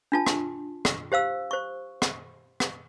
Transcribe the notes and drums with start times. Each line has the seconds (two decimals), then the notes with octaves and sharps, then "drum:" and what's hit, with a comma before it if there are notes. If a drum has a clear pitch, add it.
0.12 D4 F4 A5
0.27 drum: rim click
0.85 drum: rim click
1.12 G4 C5 F5 E6
1.51 C5 C#6
2.02 drum: rim click
2.60 drum: rim click